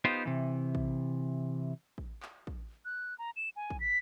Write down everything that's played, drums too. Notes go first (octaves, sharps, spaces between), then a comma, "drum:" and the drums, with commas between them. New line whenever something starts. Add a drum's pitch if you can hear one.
B3 D#4 F4 G4 C5
C3 E3
drum: kick
drum: kick
drum: clap
drum: kick
F#6
A#5
E7
G#5
drum: kick
B6